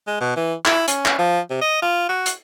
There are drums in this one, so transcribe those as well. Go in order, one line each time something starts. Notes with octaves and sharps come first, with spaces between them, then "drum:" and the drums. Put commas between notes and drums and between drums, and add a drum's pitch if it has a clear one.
G#3
B2
E3
E4, drum: clap
C#4, drum: hi-hat
drum: clap
F3
C3
D#5
F4
F#4
drum: hi-hat